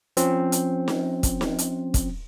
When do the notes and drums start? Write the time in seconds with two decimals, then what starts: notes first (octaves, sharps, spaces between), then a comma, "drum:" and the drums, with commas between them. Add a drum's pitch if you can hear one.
0.17 F3 C4 C#4, drum: hi-hat
0.52 drum: hi-hat
0.88 drum: snare
1.23 drum: kick, hi-hat
1.41 drum: snare
1.59 drum: hi-hat
1.94 drum: kick, hi-hat